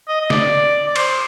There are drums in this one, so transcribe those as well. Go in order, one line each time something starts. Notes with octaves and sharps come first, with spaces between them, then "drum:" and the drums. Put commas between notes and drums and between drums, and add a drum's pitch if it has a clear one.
D#5
D#5
D5, drum: snare
D5
C5, drum: cymbal